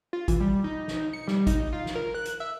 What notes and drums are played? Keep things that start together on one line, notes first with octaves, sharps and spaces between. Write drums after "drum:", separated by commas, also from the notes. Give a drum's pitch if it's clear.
F4
E3, drum: kick G#1, hi-hat
G3
D#4
drum: snare
C#7
G3, drum: snare
D#4, drum: kick G#1, hi-hat
F4
drum: snare
A#4
F#6
drum: hi-hat
E5